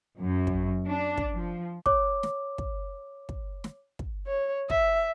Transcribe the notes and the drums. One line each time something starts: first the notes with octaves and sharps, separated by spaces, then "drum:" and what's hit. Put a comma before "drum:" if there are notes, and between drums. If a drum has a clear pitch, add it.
F#2
drum: kick
D4
drum: kick
F3
C#5 D6, drum: kick
drum: snare
drum: kick
drum: kick
drum: snare
drum: kick
C#5
E5, drum: kick